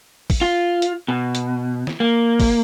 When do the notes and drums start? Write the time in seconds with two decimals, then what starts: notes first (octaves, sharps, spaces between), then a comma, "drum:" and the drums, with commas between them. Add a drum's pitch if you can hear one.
0.30 drum: kick, open hi-hat
0.41 F4
0.82 drum: hi-hat
1.08 B2
1.35 drum: hi-hat
1.87 drum: snare
2.00 A#3
2.40 drum: kick, open hi-hat